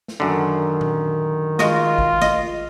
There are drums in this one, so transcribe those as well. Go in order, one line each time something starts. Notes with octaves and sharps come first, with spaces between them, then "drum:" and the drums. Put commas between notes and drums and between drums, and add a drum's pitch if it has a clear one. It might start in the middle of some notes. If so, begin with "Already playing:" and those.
drum: snare
F#2 D3 D#3
drum: tom A#2
G#3 F4 F#4 D#5, drum: snare
drum: kick G#1
D#5, drum: snare